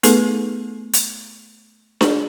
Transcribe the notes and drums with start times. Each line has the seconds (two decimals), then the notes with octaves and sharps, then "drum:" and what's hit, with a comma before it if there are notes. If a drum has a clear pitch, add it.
0.03 A3 B3 D#4 G#4 A4 B4, drum: hi-hat
0.93 drum: hi-hat
2.01 G#4, drum: snare D4